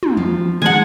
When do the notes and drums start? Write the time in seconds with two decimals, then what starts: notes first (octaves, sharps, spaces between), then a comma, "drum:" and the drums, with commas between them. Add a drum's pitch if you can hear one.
0.03 drum: tom
0.17 F3
0.62 D#3 G#3 F#5 G#5 A5